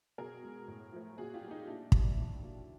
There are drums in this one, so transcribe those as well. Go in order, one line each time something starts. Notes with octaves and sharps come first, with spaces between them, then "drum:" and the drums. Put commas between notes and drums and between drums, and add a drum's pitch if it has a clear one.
B2 G#4 A#4
G#3
A2
F3 A3
A#2 F#4 G#4
F4 G4
G3
A#3 D#4
A#2 D4 E4
G3 A#3, drum: kick
D#3
F#3 A#3